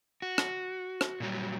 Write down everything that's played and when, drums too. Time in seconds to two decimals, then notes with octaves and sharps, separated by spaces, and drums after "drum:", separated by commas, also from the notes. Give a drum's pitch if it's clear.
0.22 F#4
0.38 drum: rim click
1.01 drum: rim click
1.20 A#2 F#3 G3